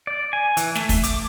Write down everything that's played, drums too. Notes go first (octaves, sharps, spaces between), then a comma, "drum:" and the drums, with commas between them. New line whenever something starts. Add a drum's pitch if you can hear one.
D5
G#5
E3, drum: hi-hat
A3, drum: snare
drum: kick, open hi-hat
D6, drum: hi-hat